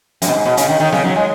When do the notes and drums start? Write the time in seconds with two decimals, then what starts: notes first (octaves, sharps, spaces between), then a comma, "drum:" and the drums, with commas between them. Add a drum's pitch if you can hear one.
0.22 F#2, drum: hi-hat
0.28 B2
0.34 G#2
0.45 B2
0.57 C#3, drum: hi-hat
0.69 D#3
0.80 D#3
0.92 C#3, drum: snare
1.04 F#3
1.16 G#3